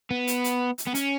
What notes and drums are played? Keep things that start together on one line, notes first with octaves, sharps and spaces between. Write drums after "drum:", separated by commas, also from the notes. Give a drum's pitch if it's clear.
B3
drum: hi-hat
drum: hi-hat
drum: hi-hat
B3
C#4, drum: hi-hat